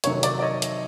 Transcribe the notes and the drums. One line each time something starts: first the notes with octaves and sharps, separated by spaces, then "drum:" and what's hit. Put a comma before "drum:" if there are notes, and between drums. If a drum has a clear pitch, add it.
F2 C3 D#3 F#3 C#5, drum: hi-hat
D5, drum: hi-hat
D5
C#5 D#5
drum: hi-hat